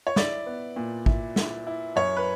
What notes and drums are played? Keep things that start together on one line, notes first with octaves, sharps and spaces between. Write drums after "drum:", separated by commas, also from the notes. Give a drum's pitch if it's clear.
C#5
E4 D5, drum: snare
B3
A#2
E4, drum: kick
E4, drum: snare
E4
F#2 C#5
B4